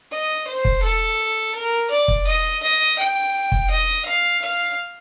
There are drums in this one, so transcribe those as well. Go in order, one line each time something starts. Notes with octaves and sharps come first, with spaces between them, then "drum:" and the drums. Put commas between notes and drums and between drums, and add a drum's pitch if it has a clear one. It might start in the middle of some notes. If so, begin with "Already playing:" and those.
D#5
C5
drum: kick
A4
A#4
D5
drum: kick
D#5
D#5
G5
drum: kick
D#5
F5
F5